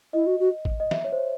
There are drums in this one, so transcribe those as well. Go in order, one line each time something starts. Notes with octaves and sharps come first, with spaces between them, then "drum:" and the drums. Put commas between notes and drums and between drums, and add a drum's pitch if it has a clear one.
E4 D#5
F#4
F#4
drum: kick
D#5
E5, drum: snare
C#5
C5
C#5